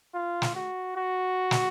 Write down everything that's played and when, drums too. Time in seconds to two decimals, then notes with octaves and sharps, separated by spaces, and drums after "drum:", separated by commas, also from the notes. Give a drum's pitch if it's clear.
0.14 F4
0.42 drum: snare
0.55 F#4
0.96 F#4
1.51 drum: snare